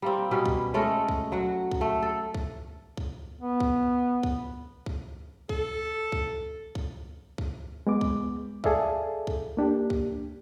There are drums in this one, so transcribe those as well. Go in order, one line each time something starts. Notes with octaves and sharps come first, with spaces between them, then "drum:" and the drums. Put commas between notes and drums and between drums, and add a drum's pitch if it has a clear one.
G3 A#3 C4
B2 G3 C#4 B4
drum: kick
G#3 A3 C#4 A4
drum: kick
F#3 F#4 F#5
drum: kick
A3
A4
drum: kick
drum: kick
B3
drum: kick
drum: kick
drum: kick
A4, drum: kick
drum: kick
drum: kick
drum: kick
G#3 B3 D6
drum: kick
G#4 A4 D5 E5 F5, drum: kick
drum: kick
A#3 D4 G4
drum: kick